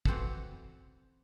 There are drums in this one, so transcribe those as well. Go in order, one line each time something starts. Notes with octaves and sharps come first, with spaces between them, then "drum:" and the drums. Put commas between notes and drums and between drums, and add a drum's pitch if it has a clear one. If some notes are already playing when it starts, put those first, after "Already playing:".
E3 C4 F#4 A4, drum: kick